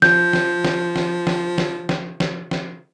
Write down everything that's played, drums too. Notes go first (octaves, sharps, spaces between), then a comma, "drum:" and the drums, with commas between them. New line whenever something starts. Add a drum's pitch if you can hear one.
F3 G6, drum: snare
drum: snare
drum: snare
drum: snare
drum: snare
drum: snare
drum: snare
drum: snare
drum: snare